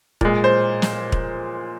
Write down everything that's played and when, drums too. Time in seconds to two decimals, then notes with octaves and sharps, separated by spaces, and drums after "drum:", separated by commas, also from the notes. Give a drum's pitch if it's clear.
0.21 A#2 G#3, drum: kick
0.44 C5
0.82 drum: snare
1.12 drum: kick